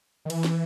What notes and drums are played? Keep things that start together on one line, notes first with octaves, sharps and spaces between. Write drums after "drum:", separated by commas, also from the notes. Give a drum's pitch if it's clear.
D#3
E3, drum: cymbal
drum: snare